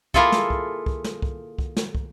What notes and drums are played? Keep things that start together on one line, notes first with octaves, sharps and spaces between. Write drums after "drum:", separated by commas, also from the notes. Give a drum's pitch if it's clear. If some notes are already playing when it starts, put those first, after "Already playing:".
A#3 E4 F4 G#4 A4, drum: kick
drum: snare
drum: kick
drum: kick
drum: snare
drum: kick
drum: kick
drum: snare
drum: kick